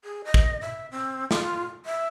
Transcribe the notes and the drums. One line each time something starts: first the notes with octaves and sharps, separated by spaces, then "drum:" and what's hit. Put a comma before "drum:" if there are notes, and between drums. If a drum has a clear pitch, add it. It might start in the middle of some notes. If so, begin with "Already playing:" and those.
G#4
D#5
drum: kick
E5
C4
F4, drum: snare
E5